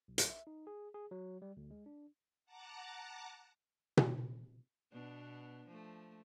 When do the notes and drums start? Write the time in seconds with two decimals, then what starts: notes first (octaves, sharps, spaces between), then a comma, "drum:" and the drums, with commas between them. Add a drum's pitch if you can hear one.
0.08 B1
0.18 drum: hi-hat
0.30 E5
0.47 D#4
0.67 G#4
0.94 G#4
1.11 F#3
1.42 G3
1.57 D2
1.71 G#3
1.86 D4
2.45 F#5 A5 A#5 D6 F#6
3.97 drum: tom B2
4.92 B2 B3 D4
5.67 F3 A3